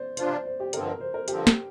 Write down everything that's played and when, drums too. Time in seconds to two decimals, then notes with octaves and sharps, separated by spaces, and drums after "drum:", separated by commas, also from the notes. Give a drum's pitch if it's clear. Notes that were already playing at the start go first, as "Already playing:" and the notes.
Already playing: C5 D5
0.17 C3 F3 D4 F4 C5, drum: hi-hat
0.31 D5
0.46 C5
0.60 G4
0.73 G2 D3 F3 C4 A#4, drum: hi-hat
0.87 A#4
1.00 C5
1.14 A#4
1.28 G2 D3 F3 C4 G4, drum: hi-hat
1.47 drum: snare